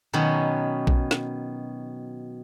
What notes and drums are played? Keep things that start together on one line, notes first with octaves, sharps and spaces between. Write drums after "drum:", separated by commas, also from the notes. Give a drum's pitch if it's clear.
B2 D#3 F#3 B3 C#4
drum: kick A#1
drum: snare